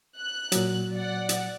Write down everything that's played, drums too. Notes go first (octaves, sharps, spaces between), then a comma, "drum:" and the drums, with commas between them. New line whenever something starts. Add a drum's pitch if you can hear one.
F#6
A#2 F#3, drum: hi-hat
D5 F#5
drum: hi-hat